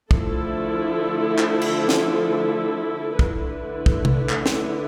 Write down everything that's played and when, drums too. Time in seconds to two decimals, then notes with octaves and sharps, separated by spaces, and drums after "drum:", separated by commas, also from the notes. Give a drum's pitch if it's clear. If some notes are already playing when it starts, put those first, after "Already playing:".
0.11 D3 F3 A3 E4 A4, drum: kick
1.39 drum: clap
1.61 drum: cymbal
1.89 drum: snare
3.19 D3 A3 E4 B4, drum: kick
3.86 drum: kick
4.05 drum: tom C3
4.29 drum: clap
4.46 drum: snare